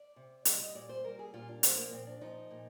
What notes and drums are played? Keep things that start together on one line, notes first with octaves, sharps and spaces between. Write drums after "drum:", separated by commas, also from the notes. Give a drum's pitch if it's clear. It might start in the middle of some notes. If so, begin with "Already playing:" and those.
Already playing: D5
C3
G3 D#5, drum: hi-hat
D#5
A#2 D5
C5
G3 A#4
G#4
A#2 F4
D4
F3 D4, drum: hi-hat
A#3
A#2 C4
D4
F3 D#4
A#2